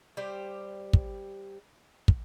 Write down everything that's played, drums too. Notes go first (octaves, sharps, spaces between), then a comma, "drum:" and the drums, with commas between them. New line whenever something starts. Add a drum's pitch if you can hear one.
G3 G4 C5
drum: kick
drum: kick